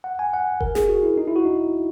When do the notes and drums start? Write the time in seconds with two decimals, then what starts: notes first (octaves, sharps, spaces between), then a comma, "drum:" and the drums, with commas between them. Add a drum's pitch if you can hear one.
0.04 F#5
0.19 G#5
0.33 F#5
0.61 A#4, drum: kick F1
0.75 G#4, drum: snare
0.89 F#4
1.03 E4
1.18 D#4
1.28 E4
1.36 F#4
1.45 D#4